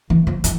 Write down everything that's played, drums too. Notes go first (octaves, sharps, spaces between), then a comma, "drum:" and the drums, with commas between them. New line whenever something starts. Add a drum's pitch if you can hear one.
E3
F3
E3, drum: hi-hat